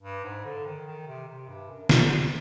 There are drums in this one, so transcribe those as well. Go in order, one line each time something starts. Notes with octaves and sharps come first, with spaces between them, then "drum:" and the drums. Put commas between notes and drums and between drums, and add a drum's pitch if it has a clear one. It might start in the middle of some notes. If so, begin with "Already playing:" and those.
G2
G#2
D3
D#3
D#3
C3
C3
G2
F#2
E2, drum: snare
F2